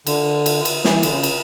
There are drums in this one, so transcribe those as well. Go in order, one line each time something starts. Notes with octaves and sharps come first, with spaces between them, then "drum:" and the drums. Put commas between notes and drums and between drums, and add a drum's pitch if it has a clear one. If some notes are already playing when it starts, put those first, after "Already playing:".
D3, drum: cymbal
drum: cymbal
drum: cymbal
E3, drum: snare
D3, drum: cymbal
C#3
drum: cymbal